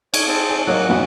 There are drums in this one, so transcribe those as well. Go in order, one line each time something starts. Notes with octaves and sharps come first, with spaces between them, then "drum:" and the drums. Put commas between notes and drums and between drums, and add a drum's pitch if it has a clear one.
C#5, drum: cymbal
C4 G#4 A5
G#5
F#3 A#3 C#5 D#5 F#6
B1 F2 B4 F#5